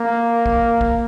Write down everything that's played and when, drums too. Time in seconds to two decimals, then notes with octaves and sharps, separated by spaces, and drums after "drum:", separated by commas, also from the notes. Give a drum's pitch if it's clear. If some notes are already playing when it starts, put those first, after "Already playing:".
Already playing: A#3
0.46 drum: kick
0.81 drum: kick